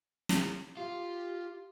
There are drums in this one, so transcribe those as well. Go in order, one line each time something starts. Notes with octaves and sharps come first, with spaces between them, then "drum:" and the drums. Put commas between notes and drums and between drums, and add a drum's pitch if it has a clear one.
drum: snare
F4 G4